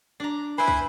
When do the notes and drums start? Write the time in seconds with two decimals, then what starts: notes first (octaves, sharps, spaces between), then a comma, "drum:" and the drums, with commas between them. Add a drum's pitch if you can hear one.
0.20 D4 A#5
0.58 E4 B4 C5 G#5 B5
0.68 drum: kick